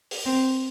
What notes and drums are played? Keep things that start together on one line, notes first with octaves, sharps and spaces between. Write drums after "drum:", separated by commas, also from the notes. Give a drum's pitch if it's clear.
drum: open hi-hat
C4